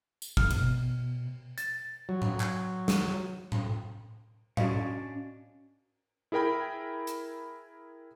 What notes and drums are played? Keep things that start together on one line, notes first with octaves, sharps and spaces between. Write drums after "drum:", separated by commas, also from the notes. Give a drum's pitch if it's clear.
drum: tambourine
F6, drum: kick
B2, drum: cymbal
A6, drum: hi-hat
F#3
drum: tom A2
drum: clap
drum: snare
drum: tom A2
C#4 D4 F#4 C#5 D#5 F5, drum: tom A2
E4 G#4 A#4 G5 B5
drum: hi-hat